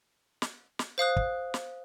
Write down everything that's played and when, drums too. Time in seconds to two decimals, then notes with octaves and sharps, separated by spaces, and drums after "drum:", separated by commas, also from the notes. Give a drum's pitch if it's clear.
0.42 drum: snare
0.79 drum: snare
0.98 C5 F5 D#6 F#6
1.16 drum: kick
1.54 drum: snare